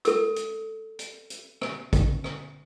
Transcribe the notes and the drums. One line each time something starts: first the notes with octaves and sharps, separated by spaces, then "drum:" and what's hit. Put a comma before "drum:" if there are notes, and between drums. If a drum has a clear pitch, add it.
A4 E6, drum: hi-hat
drum: hi-hat
drum: hi-hat
drum: hi-hat
drum: rim click
drum: kick, hi-hat
drum: rim click